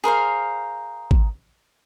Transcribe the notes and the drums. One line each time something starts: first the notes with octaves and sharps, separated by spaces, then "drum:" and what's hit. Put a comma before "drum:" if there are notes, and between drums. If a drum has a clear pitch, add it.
G#4 A#4 C5 F5
drum: kick G#1